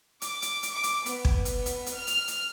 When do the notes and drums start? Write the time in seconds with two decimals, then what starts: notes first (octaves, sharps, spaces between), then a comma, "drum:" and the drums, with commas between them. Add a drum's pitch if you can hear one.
0.22 D6, drum: hi-hat
0.42 drum: hi-hat
0.63 drum: hi-hat
0.73 D6
0.83 drum: hi-hat
1.06 B3, drum: hi-hat
1.25 drum: kick
1.45 drum: hi-hat
1.66 drum: hi-hat
1.86 drum: hi-hat
1.96 F6
2.07 drum: hi-hat
2.28 drum: hi-hat